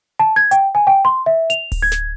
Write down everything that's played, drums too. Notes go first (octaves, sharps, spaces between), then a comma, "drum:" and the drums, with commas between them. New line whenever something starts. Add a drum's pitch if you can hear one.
A5
G#6
G5, drum: hi-hat
G#5
G5
C6
E5
F7, drum: hi-hat
drum: kick D1, open hi-hat
G#6
drum: snare